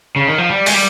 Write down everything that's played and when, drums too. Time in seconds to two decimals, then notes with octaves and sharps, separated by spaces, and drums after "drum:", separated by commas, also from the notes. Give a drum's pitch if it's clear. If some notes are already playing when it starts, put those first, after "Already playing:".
0.16 C#3
0.28 D#3
0.38 F3
0.49 G3
0.66 G#3, drum: open hi-hat
0.74 G3